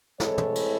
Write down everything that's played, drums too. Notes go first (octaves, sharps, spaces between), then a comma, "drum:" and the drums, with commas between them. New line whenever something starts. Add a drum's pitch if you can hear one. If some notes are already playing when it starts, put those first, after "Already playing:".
A2 E3 G#3 C4 A4 C#5, drum: snare
drum: tom
drum: cymbal